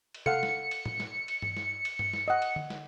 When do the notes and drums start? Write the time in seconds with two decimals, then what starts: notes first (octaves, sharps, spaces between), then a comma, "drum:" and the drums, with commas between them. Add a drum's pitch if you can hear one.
0.14 drum: cymbal
0.26 A4 F5 F#5 C#7, drum: tom C3
0.43 drum: snare
0.71 drum: cymbal
0.86 drum: tom A2
1.00 drum: snare
1.28 drum: cymbal
1.42 drum: tom G2
1.57 drum: snare
1.85 drum: cymbal
1.99 drum: tom G2
2.13 drum: snare
2.28 D#5 F#5
2.42 drum: cymbal
2.56 drum: tom D3
2.70 drum: snare